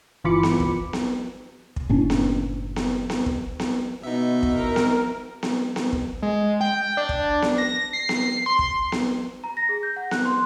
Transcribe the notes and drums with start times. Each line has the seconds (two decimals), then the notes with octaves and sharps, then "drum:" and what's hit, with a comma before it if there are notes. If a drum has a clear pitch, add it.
0.24 G1 E3 F4 B5 D6 C#7
0.43 drum: snare B3
0.60 drum: kick
0.93 drum: snare B3
1.76 drum: kick
1.89 F#1 A2 C#4 D4
2.10 drum: snare B3
2.76 drum: snare B3
3.10 drum: snare B3
3.26 drum: kick
3.60 drum: snare B3
4.03 B2 B3 D#4 E5
4.43 drum: kick
4.55 A#4
4.76 drum: snare B3
5.43 drum: snare B3
5.76 drum: snare B3
5.93 drum: kick
6.23 G#3
6.61 G5
6.97 D4
7.09 drum: kick
7.42 drum: snare B3
7.58 A#6
7.93 C7
8.09 drum: snare B3
8.46 C6
8.59 drum: kick
8.92 drum: snare B3
9.44 A#5
9.57 A#6
9.69 G#4
9.83 G6
9.96 F#5
10.11 F#6, drum: snare B3
10.25 C6